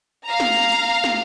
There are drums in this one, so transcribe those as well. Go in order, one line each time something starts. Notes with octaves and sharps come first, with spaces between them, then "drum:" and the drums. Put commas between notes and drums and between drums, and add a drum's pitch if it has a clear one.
F5 A#5
drum: snare
drum: cymbal
drum: snare